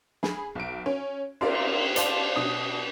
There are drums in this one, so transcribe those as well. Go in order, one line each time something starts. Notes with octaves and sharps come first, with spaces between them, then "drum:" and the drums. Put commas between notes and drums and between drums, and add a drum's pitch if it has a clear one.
G#4 B5, drum: snare
B1 D7
C#4
A#4 D5 E5 F5 C6, drum: cymbal
C5 D5 F5 A5, drum: hi-hat
B2 D4 D#6